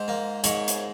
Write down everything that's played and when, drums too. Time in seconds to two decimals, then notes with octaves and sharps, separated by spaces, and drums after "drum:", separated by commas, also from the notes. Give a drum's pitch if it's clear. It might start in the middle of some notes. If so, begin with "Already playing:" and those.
Already playing: G#2 C5
0.08 A#3
0.44 G#2 C#5, drum: hi-hat
0.68 drum: hi-hat